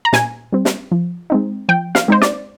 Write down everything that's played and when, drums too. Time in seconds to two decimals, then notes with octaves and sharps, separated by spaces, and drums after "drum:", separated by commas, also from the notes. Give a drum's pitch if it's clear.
0.05 A#5
0.13 A#2 G#5, drum: snare
0.52 G3 C4
0.65 drum: snare
0.92 F3
1.30 G#3 C4 D#4
1.69 F3 G5
1.95 F5, drum: snare
2.08 G#3 C4 D#4 C5
2.22 D5, drum: snare